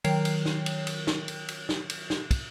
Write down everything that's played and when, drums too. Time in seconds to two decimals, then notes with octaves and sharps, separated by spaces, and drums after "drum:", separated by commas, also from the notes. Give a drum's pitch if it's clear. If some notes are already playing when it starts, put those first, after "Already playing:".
0.04 D#3 F#3 A#4 C#5 G5 C7, drum: cymbal
0.25 drum: cymbal
0.46 drum: snare
0.66 drum: cymbal
0.87 drum: cymbal
1.07 drum: snare
1.28 drum: cymbal
1.48 drum: cymbal
1.69 drum: snare
1.90 drum: cymbal
2.10 drum: snare
2.31 drum: kick, cymbal